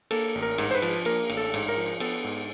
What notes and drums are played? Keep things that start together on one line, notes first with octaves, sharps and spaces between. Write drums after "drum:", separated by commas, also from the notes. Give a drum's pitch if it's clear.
A#3 A4, drum: cymbal
A1
A#4
G#2, drum: cymbal
C5
B4
F3, drum: cymbal
A#3 A#4, drum: cymbal
A1, drum: cymbal
A4
G#2, drum: cymbal
A#4
F3
B3 A4, drum: cymbal
G#2